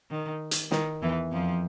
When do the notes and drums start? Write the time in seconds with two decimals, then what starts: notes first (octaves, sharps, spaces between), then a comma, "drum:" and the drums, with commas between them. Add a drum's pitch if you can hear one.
0.11 D#3
0.51 drum: hi-hat
0.71 D#3, drum: snare
1.02 E2 E3
1.32 F2 F3